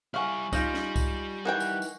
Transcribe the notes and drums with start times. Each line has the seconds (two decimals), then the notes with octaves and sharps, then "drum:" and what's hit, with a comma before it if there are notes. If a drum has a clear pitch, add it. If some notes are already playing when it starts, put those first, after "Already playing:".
0.14 G3 E4 F5 F#5 G#5 C#6 F#7
0.53 G3 D#4 F4 G6 A#6, drum: kick C2, tambourine
0.74 drum: snare
0.96 drum: kick C2, tambourine
1.45 D#3 E3 F#5 G5
1.60 drum: tambourine
1.82 drum: tambourine